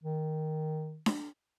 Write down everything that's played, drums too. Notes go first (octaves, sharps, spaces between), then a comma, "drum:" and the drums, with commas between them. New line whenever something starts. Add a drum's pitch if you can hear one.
D#3
drum: snare D4